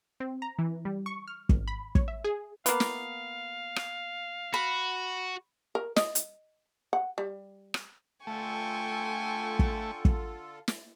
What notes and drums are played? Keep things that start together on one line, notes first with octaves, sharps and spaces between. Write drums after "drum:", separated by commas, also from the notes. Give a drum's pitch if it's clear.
C4
A#5
E3
G3
C#6
F6
G#1, drum: kick
B5
C#5, drum: kick
E5
G#4
A#3 B3 F5, drum: hi-hat
drum: snare
drum: rim click
F#4 B5
A#4
D#5, drum: snare
drum: hi-hat
F#5
G3
drum: rim click
D3 A3 F4 A4 G5 G#5 C#6
drum: kick
drum: kick
drum: snare